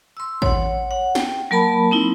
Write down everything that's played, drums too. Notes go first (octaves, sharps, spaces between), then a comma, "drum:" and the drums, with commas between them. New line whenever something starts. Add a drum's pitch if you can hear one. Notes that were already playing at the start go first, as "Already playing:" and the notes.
C6 E6
C#5 F#5, drum: kick A1
F#5
G5, drum: snare
F#3 A#3 A#4 A5 B5
C4 D#4 E4